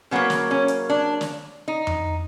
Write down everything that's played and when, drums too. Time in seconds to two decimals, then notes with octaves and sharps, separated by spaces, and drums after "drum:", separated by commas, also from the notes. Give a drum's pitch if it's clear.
0.11 C#3 F#3 A#3 B3
0.30 drum: snare
0.51 C#4
0.68 drum: hi-hat
0.90 D4
1.21 drum: snare
1.68 D#4
1.87 drum: tom F2